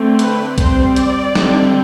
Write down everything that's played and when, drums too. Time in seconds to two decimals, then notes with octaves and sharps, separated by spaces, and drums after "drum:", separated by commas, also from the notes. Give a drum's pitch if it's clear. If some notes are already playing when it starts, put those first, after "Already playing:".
Already playing: D3 A3 C4
0.19 B4, drum: hi-hat
0.58 G3 C4 C5, drum: kick B1, hi-hat
0.96 D5, drum: hi-hat
1.35 D3 G3 C4, drum: snare